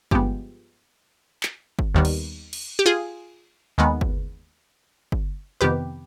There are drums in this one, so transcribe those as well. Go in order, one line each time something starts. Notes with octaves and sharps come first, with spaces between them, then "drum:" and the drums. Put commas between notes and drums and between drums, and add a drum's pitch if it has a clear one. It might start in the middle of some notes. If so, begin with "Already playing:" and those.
G2 F3 G#3 B3 G4, drum: kick G1
drum: clap
drum: kick G1
D#2 D#3 G3 B3
drum: cymbal
drum: cymbal
G4
F4 G#4
D#2 D#3 G#3 B3
drum: kick G1
drum: kick G1
F2 C3 D#3 B3 G4 B4